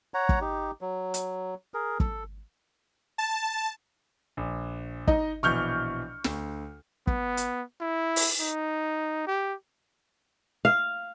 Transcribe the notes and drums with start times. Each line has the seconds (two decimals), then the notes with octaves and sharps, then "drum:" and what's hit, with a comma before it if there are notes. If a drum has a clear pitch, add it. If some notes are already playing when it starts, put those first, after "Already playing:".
0.14 C#5 F#5 A#5
0.29 drum: kick
0.41 D#4 G4
0.81 F#3
1.14 drum: hi-hat
1.74 G#4 A#4
2.00 A4, drum: kick
3.18 A5
4.37 A#1
5.07 D#4 D#5, drum: kick
5.43 A#1 B2 E3 C#6 F6 G6
6.24 D2, drum: snare
7.07 B3, drum: kick
7.37 drum: hi-hat
7.81 E4
8.16 drum: open hi-hat
8.40 D#4
9.27 G4
10.65 F5